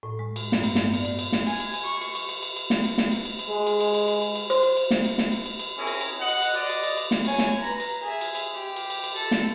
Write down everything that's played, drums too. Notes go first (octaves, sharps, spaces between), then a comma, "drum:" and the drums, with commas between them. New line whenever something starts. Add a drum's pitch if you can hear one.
A2
G#3
drum: cymbal
G2, drum: snare
drum: cymbal
B3, drum: snare
D5, drum: cymbal
drum: cymbal
drum: cymbal
drum: snare
G#5, drum: cymbal
drum: cymbal
drum: cymbal
C#6, drum: cymbal
drum: cymbal
drum: cymbal
drum: cymbal
drum: cymbal
drum: cymbal
drum: snare
drum: cymbal
drum: snare
drum: cymbal
drum: cymbal
drum: cymbal
G#3
drum: cymbal
drum: cymbal
drum: cymbal
drum: cymbal
drum: cymbal
drum: cymbal
C5 C6, drum: cymbal
drum: cymbal
drum: cymbal
drum: snare
drum: cymbal
drum: snare
drum: cymbal
drum: cymbal
drum: cymbal
C4 C#4 E4 G#4 A#4
drum: cymbal
drum: cymbal
D#5 F#5
drum: cymbal
drum: cymbal
D5 D#5, drum: cymbal
drum: cymbal
drum: cymbal
drum: cymbal
drum: snare
C#5 G#5, drum: cymbal
drum: snare
B4 A#5
drum: cymbal
G#4 E5
drum: cymbal
drum: cymbal
G4
drum: cymbal
drum: cymbal
drum: cymbal
A4, drum: cymbal
drum: snare